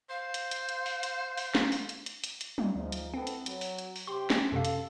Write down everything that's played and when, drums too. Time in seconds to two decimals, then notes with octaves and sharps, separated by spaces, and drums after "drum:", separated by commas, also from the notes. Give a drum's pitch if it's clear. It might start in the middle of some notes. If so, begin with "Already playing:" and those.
0.10 C5 F5
0.34 drum: hi-hat
0.51 drum: hi-hat
0.69 drum: hi-hat
0.86 drum: open hi-hat
1.03 drum: hi-hat
1.37 drum: open hi-hat
1.55 drum: snare
1.72 drum: open hi-hat
1.89 drum: hi-hat
2.06 drum: hi-hat
2.24 drum: hi-hat
2.41 drum: hi-hat
2.58 drum: tom
2.75 D2 F3 G#3 D#4
2.92 drum: hi-hat
3.14 B3 C4 E4 A4
3.27 drum: hi-hat
3.46 F#3, drum: hi-hat
3.61 drum: open hi-hat
3.78 drum: hi-hat
3.96 drum: open hi-hat
4.07 C3 G4 C6
4.30 drum: snare
4.52 F#2 C3 A4 F5
4.65 drum: hi-hat